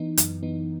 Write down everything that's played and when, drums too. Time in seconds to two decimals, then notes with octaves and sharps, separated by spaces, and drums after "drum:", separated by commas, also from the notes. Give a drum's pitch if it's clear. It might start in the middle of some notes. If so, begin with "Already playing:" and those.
Already playing: E3 B3 D#4
0.17 F#2, drum: hi-hat
0.43 E3 B3 D#4